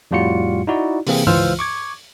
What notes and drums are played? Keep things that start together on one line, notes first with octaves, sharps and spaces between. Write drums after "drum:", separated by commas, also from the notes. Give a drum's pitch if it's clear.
F2 A2 G3 F4 F#4 C#7
D#4 E4 F#4 D5
C3 E3 A#3 C4 G#4, drum: open hi-hat
C#2 E3 F4 C5 E6 F6, drum: tom G2
C#6 D6 G#6